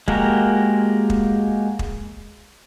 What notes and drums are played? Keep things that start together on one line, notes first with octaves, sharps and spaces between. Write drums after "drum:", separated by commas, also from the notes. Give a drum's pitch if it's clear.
G#3 A#3 F#4 G4 A#4, drum: kick
drum: kick
drum: kick